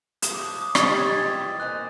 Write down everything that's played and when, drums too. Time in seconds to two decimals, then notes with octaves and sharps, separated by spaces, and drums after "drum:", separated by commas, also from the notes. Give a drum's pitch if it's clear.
0.22 D#6, drum: hi-hat
0.33 F3 A3 D4 D6
0.47 D6
0.62 D#6
0.75 G#3 C4 D#4 G4 A6, drum: rim click
0.97 G#6
1.06 A6
1.16 E3 G3 C4 F4 G#6
1.59 A#3 D#4 G#4 C5 F#6